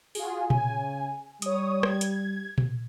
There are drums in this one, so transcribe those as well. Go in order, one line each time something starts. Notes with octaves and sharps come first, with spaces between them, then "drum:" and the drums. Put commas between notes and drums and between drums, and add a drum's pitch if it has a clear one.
F4 F#4 G#4, drum: open hi-hat
C#3 G#5, drum: tom A#2
G3 C#5 D#6, drum: hi-hat
G#6, drum: rim click
drum: hi-hat
drum: tom A#2